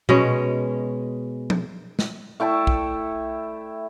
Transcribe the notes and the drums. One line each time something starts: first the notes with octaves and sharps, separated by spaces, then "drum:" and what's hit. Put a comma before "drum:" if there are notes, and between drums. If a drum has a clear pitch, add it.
B2 G#3 C#4, drum: tom A#2
drum: tom F3
drum: snare
A3 E4 G5 A5
drum: kick B1